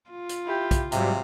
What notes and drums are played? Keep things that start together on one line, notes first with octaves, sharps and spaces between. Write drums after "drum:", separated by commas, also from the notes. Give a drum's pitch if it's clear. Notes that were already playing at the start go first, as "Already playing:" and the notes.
F4
drum: hi-hat
E4 G4
drum: kick B1, hi-hat
G#2 C3 F#3 G3 F5, drum: hi-hat